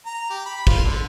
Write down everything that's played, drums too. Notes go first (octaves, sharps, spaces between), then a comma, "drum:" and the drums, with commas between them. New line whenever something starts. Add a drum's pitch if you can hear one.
A#5
G4
B5
F4, drum: kick
D3